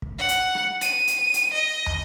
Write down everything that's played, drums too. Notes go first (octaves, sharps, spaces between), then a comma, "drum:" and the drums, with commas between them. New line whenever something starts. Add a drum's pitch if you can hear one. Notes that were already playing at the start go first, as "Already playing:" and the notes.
drum: kick
F#5
drum: hi-hat
drum: rim click
D#7, drum: hi-hat
drum: hi-hat
drum: hi-hat
D#5
drum: tom